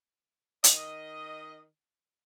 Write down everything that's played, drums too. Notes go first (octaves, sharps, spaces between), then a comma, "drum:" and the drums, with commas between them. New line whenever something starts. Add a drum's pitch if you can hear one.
D#3 D#5, drum: hi-hat